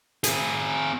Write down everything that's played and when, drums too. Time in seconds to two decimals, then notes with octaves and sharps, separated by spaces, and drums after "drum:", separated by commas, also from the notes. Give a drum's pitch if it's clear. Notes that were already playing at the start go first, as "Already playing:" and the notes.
0.24 C4 G#4, drum: hi-hat